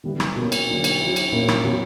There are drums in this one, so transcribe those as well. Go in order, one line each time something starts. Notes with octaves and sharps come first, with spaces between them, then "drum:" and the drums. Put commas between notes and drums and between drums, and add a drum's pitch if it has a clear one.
D3 G3 B3 E4
drum: rim click
B2 A#3 C#4
drum: cymbal
D3 F#3 A#3 D4
drum: cymbal
F#3 C#4 E4
drum: cymbal
A#2 A#3 C#4 E4
drum: rim click
B2 F#3 C#4 F#4